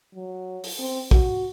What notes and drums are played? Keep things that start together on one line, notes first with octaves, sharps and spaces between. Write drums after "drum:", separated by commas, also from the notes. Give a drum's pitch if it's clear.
F#3
drum: open hi-hat
C4
F#4, drum: kick